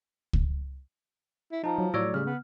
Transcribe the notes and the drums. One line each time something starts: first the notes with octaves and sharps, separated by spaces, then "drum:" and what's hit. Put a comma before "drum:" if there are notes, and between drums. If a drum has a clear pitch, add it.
drum: kick C#2
E4
F3 D#4 A5 A#5
F#3
A2 F#3 C#5 D5 E6 A#6 D7
C#3 G3 F6
B3